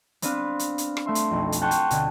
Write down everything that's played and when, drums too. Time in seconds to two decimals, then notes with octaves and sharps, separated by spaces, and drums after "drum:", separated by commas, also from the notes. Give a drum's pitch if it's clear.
0.22 B3 C4 D4 B4 F5, drum: hi-hat
0.59 drum: hi-hat
0.78 drum: hi-hat
0.97 drum: rim click
1.06 A3 E5 C6
1.15 drum: hi-hat
1.31 B1 F2
1.52 drum: hi-hat
1.62 F#5 G5 A5 C6 C#6
1.71 drum: hi-hat
1.91 D2 B2 D3, drum: hi-hat